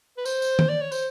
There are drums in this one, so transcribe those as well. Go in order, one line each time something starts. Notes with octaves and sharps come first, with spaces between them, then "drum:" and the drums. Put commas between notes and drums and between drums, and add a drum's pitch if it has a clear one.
B4
C5, drum: tambourine
drum: tambourine
drum: tom D#3
D5
C#5
C5, drum: tambourine